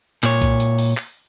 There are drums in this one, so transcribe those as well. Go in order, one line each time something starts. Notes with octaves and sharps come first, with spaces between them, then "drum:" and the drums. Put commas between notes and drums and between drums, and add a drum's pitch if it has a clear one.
A#2 C#5, drum: clap
drum: kick B1, hi-hat
drum: hi-hat
drum: open hi-hat
drum: clap